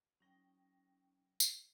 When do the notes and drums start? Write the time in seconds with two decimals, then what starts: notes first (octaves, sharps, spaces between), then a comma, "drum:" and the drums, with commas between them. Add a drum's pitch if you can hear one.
0.20 F#3 C#4 D#4 G5 A#6
1.40 drum: tambourine